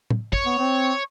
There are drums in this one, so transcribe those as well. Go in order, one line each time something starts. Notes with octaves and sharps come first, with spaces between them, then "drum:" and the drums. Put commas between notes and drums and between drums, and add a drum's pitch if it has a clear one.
drum: tom
C#5, drum: kick
B3
C4